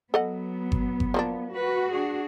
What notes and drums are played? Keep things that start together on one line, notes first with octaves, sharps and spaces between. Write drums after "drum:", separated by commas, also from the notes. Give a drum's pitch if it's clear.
F#3 B3 A4 D#5 F#5
drum: kick G1
drum: kick G1
F3 A#3 D4
F#4 B4
D4 G#4